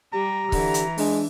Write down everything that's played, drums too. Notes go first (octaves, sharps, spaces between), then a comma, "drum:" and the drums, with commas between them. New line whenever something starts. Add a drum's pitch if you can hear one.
G3 G4 A#5
D3 E3, drum: kick C#1, open hi-hat
drum: hi-hat
G#3 D4, drum: open hi-hat